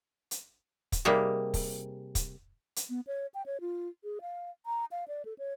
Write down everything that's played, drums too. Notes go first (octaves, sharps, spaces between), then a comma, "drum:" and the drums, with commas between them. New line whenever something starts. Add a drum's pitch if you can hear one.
drum: hi-hat
drum: kick, hi-hat
C3 G3 A#3 D#4 G#4
drum: kick, open hi-hat
drum: kick, hi-hat
drum: hi-hat
B3
C#5
G5
C#5
F4
G#4
F5
A#5
F5
D5
A4
C#5